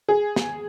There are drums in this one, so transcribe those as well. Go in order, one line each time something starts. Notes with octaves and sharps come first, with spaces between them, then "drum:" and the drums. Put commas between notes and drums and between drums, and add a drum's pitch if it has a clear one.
G#4
drum: snare